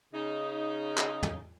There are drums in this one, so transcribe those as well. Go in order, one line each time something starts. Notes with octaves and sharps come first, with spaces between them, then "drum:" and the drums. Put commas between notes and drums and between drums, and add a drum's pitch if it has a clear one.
C#3 D#4
drum: clap
drum: tom